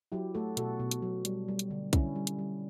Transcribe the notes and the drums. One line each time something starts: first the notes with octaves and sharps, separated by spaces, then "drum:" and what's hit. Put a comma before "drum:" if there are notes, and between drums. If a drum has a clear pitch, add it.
F#3 E4 G4
A3 F#4 A4
B2 F#4 A4, drum: hi-hat
B2
drum: hi-hat
F#3
G3, drum: hi-hat
G3
drum: hi-hat
D3
D3 C#4 E4, drum: kick B1, hi-hat
G3
drum: hi-hat
G3